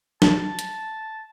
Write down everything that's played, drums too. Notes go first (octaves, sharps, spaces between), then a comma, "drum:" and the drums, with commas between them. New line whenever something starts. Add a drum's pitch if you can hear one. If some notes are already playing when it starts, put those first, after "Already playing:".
A5, drum: snare
drum: hi-hat